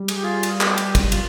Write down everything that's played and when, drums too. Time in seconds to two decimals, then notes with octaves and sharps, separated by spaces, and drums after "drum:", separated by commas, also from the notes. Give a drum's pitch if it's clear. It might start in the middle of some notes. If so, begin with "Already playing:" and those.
Already playing: G3
0.08 G#4, drum: cymbal
0.16 G4
0.23 F4 G#4
0.43 drum: cymbal
0.61 G4, drum: clap
0.78 drum: cymbal
0.95 drum: kick, cymbal
1.12 F4, drum: cymbal